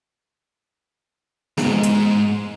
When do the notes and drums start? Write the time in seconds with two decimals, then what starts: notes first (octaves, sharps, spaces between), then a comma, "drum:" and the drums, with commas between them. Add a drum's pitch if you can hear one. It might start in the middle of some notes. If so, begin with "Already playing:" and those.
1.58 D#2 G#2, drum: snare
1.83 drum: hi-hat